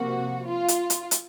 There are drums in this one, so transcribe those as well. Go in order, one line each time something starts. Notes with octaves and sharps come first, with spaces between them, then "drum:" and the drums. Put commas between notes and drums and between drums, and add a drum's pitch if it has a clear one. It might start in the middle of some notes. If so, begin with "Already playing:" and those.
Already playing: C3 F3 A#3 F#4
F4
drum: hi-hat
drum: hi-hat
drum: hi-hat